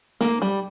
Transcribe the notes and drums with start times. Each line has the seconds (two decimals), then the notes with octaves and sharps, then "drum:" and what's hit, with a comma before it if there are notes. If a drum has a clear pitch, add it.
0.21 A#3, drum: snare
0.42 G3